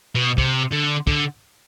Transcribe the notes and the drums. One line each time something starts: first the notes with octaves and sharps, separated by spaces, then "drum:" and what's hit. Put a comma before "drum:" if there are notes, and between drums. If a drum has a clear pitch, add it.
B2
C3, drum: kick
D3
D3, drum: kick